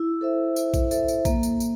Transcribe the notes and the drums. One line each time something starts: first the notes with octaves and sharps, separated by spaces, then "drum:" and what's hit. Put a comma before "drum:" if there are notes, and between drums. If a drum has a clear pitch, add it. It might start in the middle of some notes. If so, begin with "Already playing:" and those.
Already playing: E4
A4 C5 E5
E4, drum: tambourine
drum: kick A#1, tambourine
A4 C5 E5, drum: tambourine
drum: tambourine
A#3, drum: kick A#1, tambourine
drum: tambourine
drum: tambourine